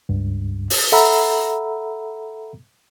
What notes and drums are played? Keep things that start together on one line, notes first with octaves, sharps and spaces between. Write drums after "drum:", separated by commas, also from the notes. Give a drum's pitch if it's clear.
C#2 G2
drum: open hi-hat
A4 E5 F#5 A#5 B5 E6